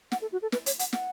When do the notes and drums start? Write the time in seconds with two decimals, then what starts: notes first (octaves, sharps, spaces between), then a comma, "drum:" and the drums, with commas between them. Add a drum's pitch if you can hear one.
0.12 F#5, drum: snare
0.22 A4
0.32 F#4
0.42 A4
0.52 B4, drum: snare
0.66 C#5, drum: hi-hat
0.79 F#5, drum: hi-hat
0.93 F#5, drum: snare